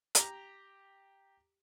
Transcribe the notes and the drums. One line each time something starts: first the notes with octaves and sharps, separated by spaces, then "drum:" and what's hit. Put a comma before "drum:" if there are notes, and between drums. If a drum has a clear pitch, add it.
G4 A#5, drum: hi-hat